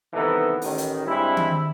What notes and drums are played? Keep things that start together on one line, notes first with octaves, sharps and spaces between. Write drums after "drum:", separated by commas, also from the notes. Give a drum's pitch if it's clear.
C2 D#3 E3 B3 D#4 A4
A1 D#3, drum: open hi-hat
drum: hi-hat
G2 G#3 C4 E4
drum: tom D#3